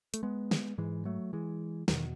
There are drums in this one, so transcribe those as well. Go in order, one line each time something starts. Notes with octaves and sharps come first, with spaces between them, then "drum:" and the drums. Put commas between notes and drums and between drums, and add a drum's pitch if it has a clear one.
A3, drum: hi-hat
G#3 B3
drum: snare
G#2 E3 G#3
F#3 A3
E3 G#3
E2 B2 D#3 F#3, drum: snare